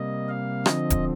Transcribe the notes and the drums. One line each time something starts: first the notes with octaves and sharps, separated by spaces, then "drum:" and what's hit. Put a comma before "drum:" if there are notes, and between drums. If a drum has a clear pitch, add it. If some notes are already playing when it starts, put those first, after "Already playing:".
Already playing: C3 G3 A#3 D#5
F5
D3 F3 C4 D#5, drum: rim click
drum: kick D1, hi-hat